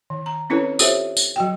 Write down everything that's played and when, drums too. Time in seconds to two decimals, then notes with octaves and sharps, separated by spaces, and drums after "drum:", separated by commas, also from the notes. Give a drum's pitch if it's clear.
0.10 D#3
0.26 A#5
0.50 C4 C#4 E4 A4 B4 C#5
0.79 F4 G4 A4 C5 C#5 E5, drum: tambourine
1.17 drum: tambourine
1.36 F#3 F#4 G5